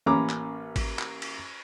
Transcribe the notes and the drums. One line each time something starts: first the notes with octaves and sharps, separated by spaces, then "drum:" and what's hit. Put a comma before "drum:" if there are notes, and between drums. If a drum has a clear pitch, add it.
A1 A#3 C#4 A#5 B5 D6
drum: clap
drum: kick G#1, cymbal
drum: clap
drum: cymbal